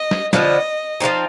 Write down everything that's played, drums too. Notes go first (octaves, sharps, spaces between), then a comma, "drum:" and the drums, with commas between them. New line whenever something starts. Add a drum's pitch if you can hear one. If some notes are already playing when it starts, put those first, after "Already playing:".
Already playing: D#5
drum: snare
D3 F3 B3 D#5, drum: snare
F3 G#3 C4 D#4